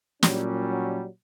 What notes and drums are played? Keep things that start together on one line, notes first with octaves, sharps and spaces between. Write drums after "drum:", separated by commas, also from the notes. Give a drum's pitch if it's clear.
A#2 F#3 G3 C#4, drum: snare